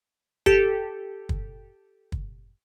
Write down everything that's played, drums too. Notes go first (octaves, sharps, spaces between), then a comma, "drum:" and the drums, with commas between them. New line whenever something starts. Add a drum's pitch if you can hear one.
G4 A4, drum: kick
drum: kick
drum: kick